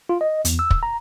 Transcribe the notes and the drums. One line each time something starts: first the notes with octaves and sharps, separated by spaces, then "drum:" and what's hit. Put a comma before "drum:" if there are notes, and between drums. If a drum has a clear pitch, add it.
F4
D#5
E2, drum: hi-hat
E6
drum: kick
A#5